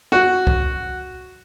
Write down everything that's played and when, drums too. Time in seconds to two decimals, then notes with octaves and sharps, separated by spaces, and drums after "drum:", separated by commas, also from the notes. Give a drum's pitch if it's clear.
0.12 F#4
0.47 drum: kick